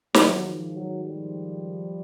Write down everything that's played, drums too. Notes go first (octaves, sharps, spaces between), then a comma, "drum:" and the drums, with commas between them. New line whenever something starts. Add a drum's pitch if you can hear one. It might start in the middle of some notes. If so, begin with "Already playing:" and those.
G#2 D#3 F#3, drum: snare
F3
F#3
F3 G3